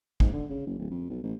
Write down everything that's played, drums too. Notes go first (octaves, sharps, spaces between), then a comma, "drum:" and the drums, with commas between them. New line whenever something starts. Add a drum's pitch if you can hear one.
G#2, drum: kick A1
D3
C#3
F#1
D1
F2
B1
A1